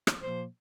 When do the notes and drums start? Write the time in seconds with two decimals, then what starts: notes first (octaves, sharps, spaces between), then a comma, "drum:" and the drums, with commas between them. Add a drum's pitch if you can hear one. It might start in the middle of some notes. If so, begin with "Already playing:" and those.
0.07 drum: rim click
0.21 A#2 F3 A#3 C5